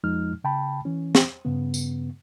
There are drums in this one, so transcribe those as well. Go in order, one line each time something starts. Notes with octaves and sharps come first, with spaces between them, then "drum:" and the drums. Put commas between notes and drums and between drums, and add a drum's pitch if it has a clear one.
F2 F3 G#3 D#4 F6
C#3 G5 A5 B5
E3 C#4
drum: snare
G2 C#3 B3
drum: tambourine